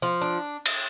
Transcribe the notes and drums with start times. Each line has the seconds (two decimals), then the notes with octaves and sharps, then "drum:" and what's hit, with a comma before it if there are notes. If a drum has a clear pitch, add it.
0.02 F3
0.21 D4
0.66 drum: cymbal